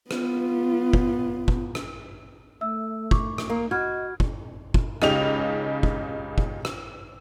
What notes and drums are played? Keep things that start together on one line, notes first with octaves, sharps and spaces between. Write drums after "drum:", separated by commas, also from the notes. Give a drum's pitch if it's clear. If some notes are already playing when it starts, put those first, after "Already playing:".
B3 F4, drum: rim click
drum: kick
drum: kick
drum: rim click
A3 E5 E6
C#6 D6, drum: kick
drum: rim click
A#3
F#4 D#5 B5 F6 G#6
drum: kick
drum: kick
C#2 C#3 D#4 G4 F7, drum: rim click
drum: kick
drum: kick
drum: rim click